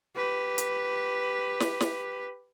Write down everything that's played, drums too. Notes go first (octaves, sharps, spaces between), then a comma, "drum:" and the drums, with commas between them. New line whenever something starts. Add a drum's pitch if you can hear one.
G4 B4
drum: hi-hat
drum: snare
drum: snare